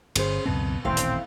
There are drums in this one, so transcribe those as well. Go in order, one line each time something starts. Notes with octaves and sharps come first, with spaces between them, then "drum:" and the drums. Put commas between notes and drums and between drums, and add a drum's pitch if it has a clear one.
G1 C#4 G#4 C5, drum: cymbal
C#2 F#2 B2 C4
D#1 A1 A3 C4 E4 F5
drum: hi-hat